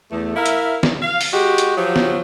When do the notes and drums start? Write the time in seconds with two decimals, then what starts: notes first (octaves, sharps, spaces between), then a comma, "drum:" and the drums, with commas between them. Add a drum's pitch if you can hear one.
0.11 E2 A3
0.36 E4 A#4 E5 F5
0.46 drum: hi-hat
0.83 drum: snare
1.02 F5
1.21 drum: open hi-hat
1.33 G#3 F#4 G4
1.58 drum: hi-hat
1.76 F3 F#3 F#4 G4
1.96 drum: snare